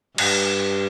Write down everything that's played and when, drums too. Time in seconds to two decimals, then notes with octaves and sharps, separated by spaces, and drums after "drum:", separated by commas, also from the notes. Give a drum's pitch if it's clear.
0.18 G2, drum: cymbal